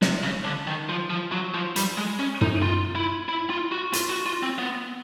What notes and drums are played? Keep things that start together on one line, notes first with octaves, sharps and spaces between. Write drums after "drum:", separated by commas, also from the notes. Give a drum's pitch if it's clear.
C3, drum: snare
C#3
D3
D#3
F3
F3
F#3
F3
G3, drum: hi-hat
G#3
C#4
D#4, drum: tom
F4
E4
E4
F4
F#4
F4, drum: hi-hat
F#4
F4
C4
B3